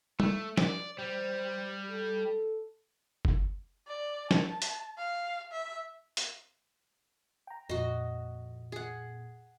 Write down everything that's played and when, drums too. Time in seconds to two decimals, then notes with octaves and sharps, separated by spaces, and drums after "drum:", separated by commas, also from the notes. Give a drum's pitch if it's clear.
0.20 A3, drum: tom
0.57 D5, drum: snare
0.99 G3 C5
1.91 A4
3.25 drum: kick F#1
3.87 D5
4.31 A5, drum: snare
4.62 drum: hi-hat
4.98 F5
5.52 E5
6.17 drum: hi-hat
7.47 G5 A#5
7.69 F2 A#2 F#4 D#5
8.72 G#4 F#5